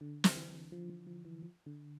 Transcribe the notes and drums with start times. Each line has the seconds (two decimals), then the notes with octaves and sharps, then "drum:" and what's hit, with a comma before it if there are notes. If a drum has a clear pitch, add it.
0.01 D3
0.24 drum: snare
0.36 E3
0.72 F3
0.90 F3
1.07 F3
1.25 E3
1.42 F3
1.66 D3